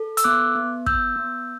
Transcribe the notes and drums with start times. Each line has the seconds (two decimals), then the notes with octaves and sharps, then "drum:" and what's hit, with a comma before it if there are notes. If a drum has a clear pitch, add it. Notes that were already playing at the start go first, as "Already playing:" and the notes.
Already playing: A4
0.17 E6, drum: hi-hat
0.24 B3 D6 F#6
0.56 B3
0.86 B3 E6 G6, drum: kick
1.16 B3